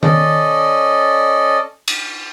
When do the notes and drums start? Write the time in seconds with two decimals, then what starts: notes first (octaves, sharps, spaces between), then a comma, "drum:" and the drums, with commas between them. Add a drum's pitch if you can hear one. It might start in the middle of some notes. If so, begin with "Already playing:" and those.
0.03 C#4 A4 D5 D#5, drum: tom D#3
1.88 drum: cymbal